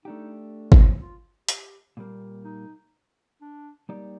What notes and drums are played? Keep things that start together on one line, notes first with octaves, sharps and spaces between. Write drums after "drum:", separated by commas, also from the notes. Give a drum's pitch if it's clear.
A3 D4 D#4 G4
drum: kick G#1
F4
G4, drum: hi-hat
A#2 G3 A#3
D#4
D4
G3 A#3 D#4 G4 D5